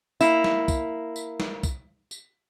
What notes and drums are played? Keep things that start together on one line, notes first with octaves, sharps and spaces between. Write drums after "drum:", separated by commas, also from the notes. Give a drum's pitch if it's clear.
A#3 E4, drum: tambourine
drum: snare
drum: kick, tambourine
drum: tambourine
drum: snare
drum: kick, tambourine
drum: tambourine